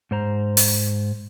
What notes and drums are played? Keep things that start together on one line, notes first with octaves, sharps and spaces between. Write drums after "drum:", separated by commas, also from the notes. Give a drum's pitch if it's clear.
G#2 C5 A#5
drum: open hi-hat